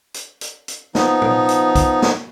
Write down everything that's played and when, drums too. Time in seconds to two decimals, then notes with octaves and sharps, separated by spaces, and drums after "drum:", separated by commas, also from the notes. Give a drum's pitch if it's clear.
0.14 drum: hi-hat
0.41 drum: hi-hat
0.68 drum: hi-hat
0.95 F3 B3 D#4, drum: snare
1.22 drum: tom A#2
1.49 drum: hi-hat
1.75 drum: kick, hi-hat
2.02 drum: snare